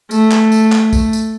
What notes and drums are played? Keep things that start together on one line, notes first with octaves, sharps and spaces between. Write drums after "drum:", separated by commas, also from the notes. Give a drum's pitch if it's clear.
A3, drum: tambourine
drum: clap
drum: tambourine
drum: clap
drum: kick, tambourine
drum: tambourine